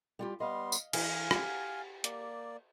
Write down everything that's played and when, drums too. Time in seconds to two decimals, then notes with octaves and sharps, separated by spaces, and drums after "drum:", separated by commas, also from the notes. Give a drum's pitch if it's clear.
0.19 G3 F4 G4
0.40 G3 B3 D#5 F5 C6
0.72 drum: tambourine
0.93 E3 F5 G#5, drum: cymbal
1.31 G4 F#5, drum: rim click
2.04 A#3 D5, drum: hi-hat